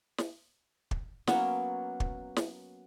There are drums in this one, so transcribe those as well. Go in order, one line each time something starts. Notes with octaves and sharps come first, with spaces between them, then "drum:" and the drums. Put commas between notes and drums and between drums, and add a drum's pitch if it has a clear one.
drum: snare
drum: kick
F#3 A#3 B3 C#4, drum: snare
drum: kick
drum: snare